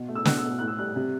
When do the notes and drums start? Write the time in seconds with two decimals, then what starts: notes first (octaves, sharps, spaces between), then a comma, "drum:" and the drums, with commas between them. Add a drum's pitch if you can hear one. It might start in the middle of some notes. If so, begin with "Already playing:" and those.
Already playing: B2
0.08 A3
0.15 E6
0.25 B2 F#6, drum: snare
0.38 E6
0.43 B2
0.59 A2 F#6
0.68 E6
0.78 G3 F#6
0.96 C3